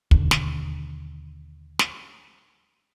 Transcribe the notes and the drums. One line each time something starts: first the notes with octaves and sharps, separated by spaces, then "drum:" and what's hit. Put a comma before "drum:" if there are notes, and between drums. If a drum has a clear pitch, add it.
D#2 B2 D3, drum: kick
drum: snare
drum: snare